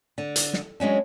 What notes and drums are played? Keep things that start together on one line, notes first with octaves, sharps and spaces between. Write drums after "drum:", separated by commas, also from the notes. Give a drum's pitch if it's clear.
D3
drum: hi-hat
drum: snare
F#3 G#3 C#4 D4